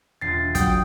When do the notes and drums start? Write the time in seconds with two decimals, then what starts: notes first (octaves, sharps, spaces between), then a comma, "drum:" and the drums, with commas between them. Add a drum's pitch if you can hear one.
0.21 E1 F4 A6 C7
0.55 F#3 G5 D#6, drum: kick, hi-hat